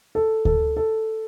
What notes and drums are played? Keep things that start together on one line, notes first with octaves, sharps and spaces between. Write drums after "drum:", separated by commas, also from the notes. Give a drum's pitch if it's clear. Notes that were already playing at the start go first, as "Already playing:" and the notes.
A4
A4, drum: kick D2
A4